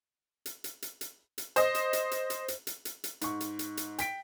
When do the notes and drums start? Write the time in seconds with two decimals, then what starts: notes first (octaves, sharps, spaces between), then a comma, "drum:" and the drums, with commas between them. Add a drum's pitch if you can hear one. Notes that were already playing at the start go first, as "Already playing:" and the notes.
0.46 drum: hi-hat
0.64 drum: hi-hat
0.82 drum: hi-hat
1.01 drum: hi-hat
1.38 drum: hi-hat
1.56 C5 D#5, drum: hi-hat
1.75 drum: hi-hat
1.93 drum: hi-hat
2.11 drum: hi-hat
2.30 drum: hi-hat
2.48 drum: hi-hat
2.67 drum: hi-hat
2.85 drum: hi-hat
3.04 drum: hi-hat
3.21 G#2 C#6, drum: hi-hat
3.41 drum: hi-hat
3.59 drum: hi-hat
3.77 drum: hi-hat
3.99 G5 B6 D7, drum: hi-hat